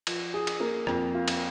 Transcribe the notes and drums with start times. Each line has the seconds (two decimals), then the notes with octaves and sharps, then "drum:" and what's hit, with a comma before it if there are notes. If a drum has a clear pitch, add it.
0.07 F3, drum: cymbal
0.34 G#4
0.47 drum: cymbal
0.60 A#3
0.87 F2, drum: rim click
1.14 F4
1.28 drum: cymbal